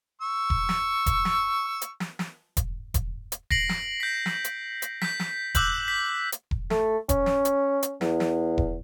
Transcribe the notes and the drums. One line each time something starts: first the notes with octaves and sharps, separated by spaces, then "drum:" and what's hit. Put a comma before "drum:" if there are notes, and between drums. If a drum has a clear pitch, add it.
C#6 E6
drum: kick E1
drum: snare
drum: kick E1, hi-hat
drum: snare
drum: hi-hat
drum: snare
drum: snare
drum: kick E1, hi-hat
drum: kick E1, hi-hat
drum: hi-hat
A#6 C7 D7 F#7, drum: kick E1
drum: snare
G6 B6
drum: snare
drum: hi-hat
drum: hi-hat
G6 B6, drum: snare
drum: snare
D6 E6 F#6 G6 F#7, drum: kick E1, hi-hat
B6
drum: hi-hat
drum: kick E1
A3, drum: snare
C#4, drum: kick E1, hi-hat
drum: snare
drum: hi-hat
drum: hi-hat
E2, drum: snare
drum: snare
drum: kick E1